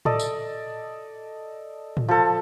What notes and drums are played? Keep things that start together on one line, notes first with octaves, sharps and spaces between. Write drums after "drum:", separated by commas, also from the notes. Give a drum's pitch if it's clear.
A4 D5 D#5, drum: tom A2
drum: tambourine
drum: tom A2
F3 A4